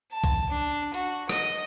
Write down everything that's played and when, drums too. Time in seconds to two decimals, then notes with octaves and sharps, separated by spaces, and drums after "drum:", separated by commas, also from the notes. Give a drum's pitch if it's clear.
0.12 A5
0.24 drum: kick B1, hi-hat
0.50 D4
0.94 F#4, drum: hi-hat
1.29 D#5, drum: rim click